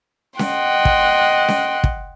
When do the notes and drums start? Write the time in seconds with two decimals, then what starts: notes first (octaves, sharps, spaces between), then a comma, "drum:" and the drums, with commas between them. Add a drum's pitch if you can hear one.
0.39 D#5 F#5 G5 C6, drum: snare C#4
0.85 drum: kick
1.48 drum: snare C#4
1.84 drum: kick